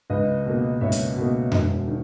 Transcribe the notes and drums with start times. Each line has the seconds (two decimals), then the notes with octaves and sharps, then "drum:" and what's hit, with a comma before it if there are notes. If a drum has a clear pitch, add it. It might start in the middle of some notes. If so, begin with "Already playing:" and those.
0.10 C#2 B4 D#5
0.46 B2 A#3
0.81 C#2 C#5 E5
0.92 drum: hi-hat
1.16 B2 A#3
1.52 E1, drum: tom F2
1.87 D#3